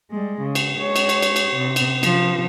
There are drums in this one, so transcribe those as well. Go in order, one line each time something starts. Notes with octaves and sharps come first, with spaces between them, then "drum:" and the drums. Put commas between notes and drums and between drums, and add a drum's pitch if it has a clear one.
G3 G#3
C#3
drum: cymbal
G#3 C#5
drum: cymbal
drum: cymbal
drum: cymbal
drum: cymbal
C3
drum: cymbal
C3 F3, drum: cymbal